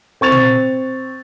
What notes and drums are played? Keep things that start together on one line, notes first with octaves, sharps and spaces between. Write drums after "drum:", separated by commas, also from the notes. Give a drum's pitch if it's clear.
C4 C#6 A6 F7
drum: tom